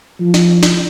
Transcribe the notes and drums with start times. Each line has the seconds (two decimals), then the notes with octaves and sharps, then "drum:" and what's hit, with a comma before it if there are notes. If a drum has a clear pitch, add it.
0.20 F3
0.34 drum: snare
0.63 drum: snare